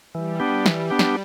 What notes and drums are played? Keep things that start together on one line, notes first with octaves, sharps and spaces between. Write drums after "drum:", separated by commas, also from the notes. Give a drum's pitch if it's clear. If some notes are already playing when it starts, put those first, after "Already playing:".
E3 G3
B3 D4 G4
E3, drum: snare
B3 D4 G4
drum: snare